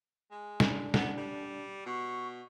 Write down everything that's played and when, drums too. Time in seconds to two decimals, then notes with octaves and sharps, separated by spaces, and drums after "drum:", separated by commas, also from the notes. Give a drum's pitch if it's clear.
0.31 G#3
0.60 D4, drum: snare
0.94 B3, drum: snare
1.18 G3
1.86 B2 C#6